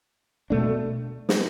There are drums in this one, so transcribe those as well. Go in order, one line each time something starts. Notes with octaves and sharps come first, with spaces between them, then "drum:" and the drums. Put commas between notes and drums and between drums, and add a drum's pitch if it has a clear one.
B2 A3 D4
drum: snare